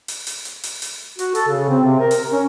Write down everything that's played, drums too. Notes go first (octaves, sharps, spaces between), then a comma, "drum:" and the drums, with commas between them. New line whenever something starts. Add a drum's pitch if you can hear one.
drum: open hi-hat
drum: open hi-hat
drum: hi-hat
drum: open hi-hat
drum: open hi-hat
F#4, drum: hi-hat
A4, drum: hi-hat
C#3
C4
C3
A#4
drum: open hi-hat
C#4